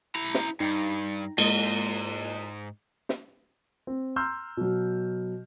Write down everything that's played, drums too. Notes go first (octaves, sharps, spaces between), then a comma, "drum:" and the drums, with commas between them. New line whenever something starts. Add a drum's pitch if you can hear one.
E4 A#5
drum: snare
G2 D#4 G5 A#5
G#2 G#3 A#3 D#5, drum: cymbal
drum: snare
C4
A#5 C6 E6 F6 G6
B2 F#3